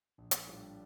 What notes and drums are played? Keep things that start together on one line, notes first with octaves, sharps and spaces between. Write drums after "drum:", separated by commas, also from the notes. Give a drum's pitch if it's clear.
A#1
drum: hi-hat
A2 G3 D4 F4